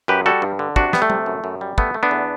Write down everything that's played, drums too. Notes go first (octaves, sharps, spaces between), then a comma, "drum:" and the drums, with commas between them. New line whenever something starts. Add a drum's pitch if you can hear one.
F#2 G4 B4
G3 F#4 A4
G2
D3
C3 D4 F#4, drum: kick
G3 B3, drum: snare
A3
C3, drum: tom
F#2
F#2
G3
A3 B3, drum: kick
A3
B3 D4
E2